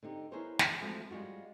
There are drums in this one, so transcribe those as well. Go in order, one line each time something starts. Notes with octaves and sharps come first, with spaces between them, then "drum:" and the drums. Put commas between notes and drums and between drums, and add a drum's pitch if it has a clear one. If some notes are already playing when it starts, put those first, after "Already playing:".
D3 C4 D#4 G4
B3 E4 G#4 A#4 C5 C#5
drum: snare
F3 G#3 A3 C4 F#4
G3 G#3 F4 F#4